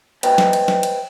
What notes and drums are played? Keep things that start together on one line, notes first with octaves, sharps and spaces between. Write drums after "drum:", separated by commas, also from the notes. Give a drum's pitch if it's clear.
B4 C5 D#5 E5 G5, drum: cymbal
drum: snare
drum: cymbal
drum: snare
drum: cymbal